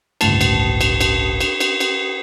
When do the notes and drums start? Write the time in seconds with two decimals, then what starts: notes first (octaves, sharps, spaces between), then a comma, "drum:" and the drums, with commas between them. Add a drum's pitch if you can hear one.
0.21 G1 C#2 A2 A5, drum: cymbal
0.41 drum: cymbal
0.81 drum: cymbal
1.01 drum: cymbal
1.40 drum: cymbal
1.60 drum: cymbal
1.80 drum: cymbal